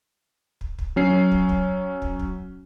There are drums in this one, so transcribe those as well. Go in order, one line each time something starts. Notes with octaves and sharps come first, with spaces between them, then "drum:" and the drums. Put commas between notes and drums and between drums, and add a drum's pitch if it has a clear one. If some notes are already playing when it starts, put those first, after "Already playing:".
drum: kick
drum: kick
F#3 C#4 C7
drum: kick
drum: kick
drum: kick
drum: kick